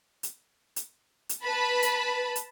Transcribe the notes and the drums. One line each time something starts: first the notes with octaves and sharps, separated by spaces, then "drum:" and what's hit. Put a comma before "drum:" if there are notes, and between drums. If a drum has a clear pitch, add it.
drum: hi-hat
drum: hi-hat
drum: hi-hat
B4 A5 B5
drum: hi-hat
drum: hi-hat